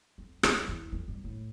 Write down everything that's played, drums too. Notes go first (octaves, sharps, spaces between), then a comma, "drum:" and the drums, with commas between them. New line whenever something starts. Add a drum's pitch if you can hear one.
F2
E2, drum: rim click
E2
F2
G2
A2